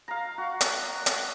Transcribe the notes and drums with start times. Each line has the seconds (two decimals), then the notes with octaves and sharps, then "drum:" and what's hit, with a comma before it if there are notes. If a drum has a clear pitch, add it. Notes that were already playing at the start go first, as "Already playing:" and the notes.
0.08 F5 A#5
0.38 F#4
0.61 drum: hi-hat
1.06 drum: hi-hat